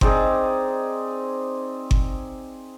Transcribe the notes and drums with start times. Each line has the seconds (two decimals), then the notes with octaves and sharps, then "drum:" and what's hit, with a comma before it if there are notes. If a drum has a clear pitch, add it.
0.01 C4 D#4 G#4 D5, drum: kick G1
1.91 drum: kick G1